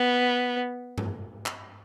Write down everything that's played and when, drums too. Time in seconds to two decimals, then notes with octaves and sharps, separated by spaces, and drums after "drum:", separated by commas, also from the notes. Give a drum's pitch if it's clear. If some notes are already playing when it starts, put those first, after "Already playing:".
Already playing: B3
0.98 drum: tom G2
1.46 drum: clap